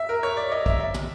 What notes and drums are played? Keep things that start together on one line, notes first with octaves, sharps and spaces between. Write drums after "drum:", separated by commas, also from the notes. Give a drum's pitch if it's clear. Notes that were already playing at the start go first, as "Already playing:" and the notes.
Already playing: E5
A#4
C#5
D5
D#5
E5, drum: kick
E5
drum: tom